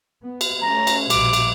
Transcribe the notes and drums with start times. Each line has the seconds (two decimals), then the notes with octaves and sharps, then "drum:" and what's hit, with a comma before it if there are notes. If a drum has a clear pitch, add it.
0.24 B3
0.41 drum: cymbal
0.61 A3 C#4 A#5
0.87 drum: cymbal
1.10 A#1 B2 G3 D6, drum: cymbal
1.33 drum: cymbal